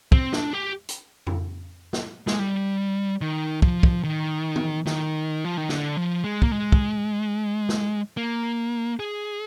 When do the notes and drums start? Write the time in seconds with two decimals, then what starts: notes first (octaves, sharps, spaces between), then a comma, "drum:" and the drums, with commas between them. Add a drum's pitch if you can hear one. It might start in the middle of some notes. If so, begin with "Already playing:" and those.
0.12 C4, drum: kick
0.33 D4, drum: snare
0.53 G4
0.89 drum: hi-hat
1.27 drum: tom F2
1.93 drum: snare
2.27 G#3, drum: snare
2.39 G3
3.21 D#3
3.62 F3, drum: kick
3.83 drum: kick
4.04 D#3
4.56 drum: tom
4.86 D#3, drum: snare
5.45 F3
5.57 D#3
5.69 D3, drum: snare
5.97 F3
6.24 G#3
6.42 A#3, drum: kick
6.52 G#3
6.72 drum: kick
7.69 drum: snare
8.17 A#3
9.00 G#4